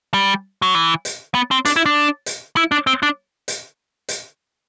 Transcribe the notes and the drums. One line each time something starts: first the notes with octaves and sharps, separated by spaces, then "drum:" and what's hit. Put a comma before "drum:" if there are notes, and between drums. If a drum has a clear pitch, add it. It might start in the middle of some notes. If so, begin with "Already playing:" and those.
G3
F#3
E3
drum: hi-hat
B3
C4
D4, drum: hi-hat
E4
D4
drum: hi-hat
E4
D4
C4
D4
drum: hi-hat
drum: hi-hat